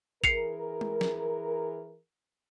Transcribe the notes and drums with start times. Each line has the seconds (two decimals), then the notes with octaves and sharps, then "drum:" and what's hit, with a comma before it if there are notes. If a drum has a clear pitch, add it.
0.24 E3 G#4 A#4 C7 C#7 F7, drum: kick G#1
0.81 drum: tom G#3
1.01 drum: snare